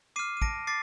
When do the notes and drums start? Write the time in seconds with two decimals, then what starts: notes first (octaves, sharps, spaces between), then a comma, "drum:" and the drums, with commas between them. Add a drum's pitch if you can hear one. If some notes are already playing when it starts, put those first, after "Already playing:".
0.16 D6 F6 C7 D#7
0.37 D#7
0.42 A5 A#6 D7, drum: kick
0.67 D6 A6 C7